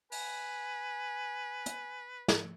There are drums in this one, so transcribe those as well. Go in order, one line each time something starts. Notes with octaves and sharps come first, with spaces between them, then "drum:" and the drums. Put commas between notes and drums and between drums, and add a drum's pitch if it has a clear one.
B4 G#5, drum: open hi-hat
drum: hi-hat
drum: snare